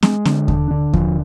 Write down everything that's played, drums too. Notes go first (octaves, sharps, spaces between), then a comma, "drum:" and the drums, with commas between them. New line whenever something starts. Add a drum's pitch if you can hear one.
G#3, drum: snare
D3, drum: snare
D4, drum: kick D#2
D3
F3, drum: kick D#2